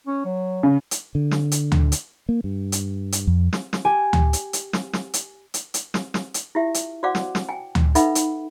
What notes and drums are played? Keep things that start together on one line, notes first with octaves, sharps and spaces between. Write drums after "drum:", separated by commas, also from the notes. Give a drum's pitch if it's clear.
C#4
F#3
C#3
drum: hi-hat
D3
drum: snare
drum: hi-hat
drum: tom D2
drum: hi-hat
A#3
G2
drum: hi-hat
drum: hi-hat
F2
drum: snare
drum: snare
G4 G#5
drum: tom D2
drum: hi-hat
drum: hi-hat
drum: snare
drum: snare
drum: hi-hat
drum: hi-hat
drum: hi-hat
drum: snare
drum: snare
drum: hi-hat
E4 F4 G4 E5
drum: hi-hat
F#4 C5 D5 F5 F#5 D6
drum: snare
drum: snare
G5 G#5
drum: tom D2
D#4 A4 B4 E5 F#5 B5, drum: hi-hat
drum: hi-hat